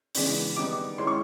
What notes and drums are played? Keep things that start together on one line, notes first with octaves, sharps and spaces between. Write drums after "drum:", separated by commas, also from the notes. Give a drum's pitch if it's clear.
C#3 E3 G#3 B3 D4, drum: open hi-hat
D#3 G3 B3 D#4 D6
D#3 G#3 C#4 E4 C6
C#6